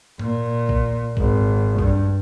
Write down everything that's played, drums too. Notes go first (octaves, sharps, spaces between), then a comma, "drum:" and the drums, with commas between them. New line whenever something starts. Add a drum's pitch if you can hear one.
A#2, drum: tom G#2
drum: kick A#1
G#1, drum: kick A#1
G2, drum: kick A#1